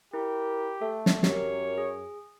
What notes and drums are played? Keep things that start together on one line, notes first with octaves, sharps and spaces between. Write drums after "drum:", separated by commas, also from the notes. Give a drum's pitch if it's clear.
E4 G4 A#4
A3 A4
drum: snare
F#2 G4 A#4 C#5, drum: snare
G#4